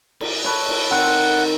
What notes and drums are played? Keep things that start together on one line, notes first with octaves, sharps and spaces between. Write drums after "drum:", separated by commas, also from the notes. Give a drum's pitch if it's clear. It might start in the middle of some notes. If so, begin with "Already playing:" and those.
drum: cymbal
A4 B4 C#5
drum: cymbal
D#3 C4 A#4 F#5